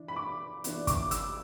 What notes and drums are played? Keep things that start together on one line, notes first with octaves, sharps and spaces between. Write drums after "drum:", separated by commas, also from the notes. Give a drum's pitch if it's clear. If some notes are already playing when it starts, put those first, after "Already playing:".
Already playing: E3 D4
B5
D6
E3 B3 D4, drum: hi-hat
D6, drum: kick, hi-hat
E6, drum: hi-hat